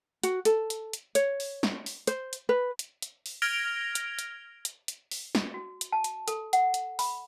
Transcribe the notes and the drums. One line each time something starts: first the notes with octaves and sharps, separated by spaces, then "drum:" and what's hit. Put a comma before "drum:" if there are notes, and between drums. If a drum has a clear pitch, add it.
F#4, drum: hi-hat
A4, drum: hi-hat
drum: hi-hat
drum: hi-hat
C#5, drum: hi-hat
drum: open hi-hat
drum: snare
drum: open hi-hat
C5, drum: hi-hat
drum: hi-hat
B4
drum: hi-hat
drum: hi-hat
drum: open hi-hat
F6 G#6 A#6 D7 F7 G7
drum: hi-hat
drum: hi-hat
drum: hi-hat
drum: hi-hat
drum: open hi-hat
drum: snare
F#4
drum: hi-hat
A5
drum: hi-hat
A4, drum: hi-hat
F#5, drum: hi-hat
drum: hi-hat
B5, drum: open hi-hat